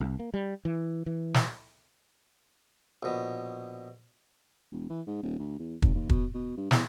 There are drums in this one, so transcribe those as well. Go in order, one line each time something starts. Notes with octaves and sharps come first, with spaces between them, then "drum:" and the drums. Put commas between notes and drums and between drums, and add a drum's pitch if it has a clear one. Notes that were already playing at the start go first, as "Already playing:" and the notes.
C2
A#3
G3
E3
E3
drum: snare
A#1 B2
E1
E3
G#2
D#1
D2
E2
G#1, drum: kick
D#2
B2, drum: kick
B2
G2
E2, drum: snare